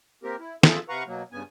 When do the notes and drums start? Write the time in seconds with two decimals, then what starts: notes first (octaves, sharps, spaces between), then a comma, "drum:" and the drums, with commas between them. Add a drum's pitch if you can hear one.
0.23 A#3 C4 G4 A#4
0.39 E4
0.63 F4 G#4 A4 E5, drum: snare
0.89 C3 B4 F5 F#5 A#5 C#6
1.07 B2 F#3 A#3
1.32 G2 C#3 B3 G#5